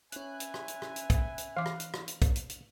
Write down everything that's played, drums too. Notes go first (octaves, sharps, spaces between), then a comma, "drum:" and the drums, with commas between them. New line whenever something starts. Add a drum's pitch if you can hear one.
C#4 B4 E5 G#5 F#6, drum: hi-hat
drum: hi-hat
drum: rim click
drum: hi-hat
drum: rim click
drum: hi-hat
drum: kick, hi-hat
drum: hi-hat
E3 F5 D6
drum: rim click
drum: hi-hat
drum: rim click
drum: hi-hat
drum: kick, hi-hat
drum: hi-hat
drum: hi-hat